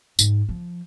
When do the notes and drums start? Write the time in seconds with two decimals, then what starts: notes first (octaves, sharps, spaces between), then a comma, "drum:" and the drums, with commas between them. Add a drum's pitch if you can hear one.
0.19 G#2, drum: tambourine
0.49 F3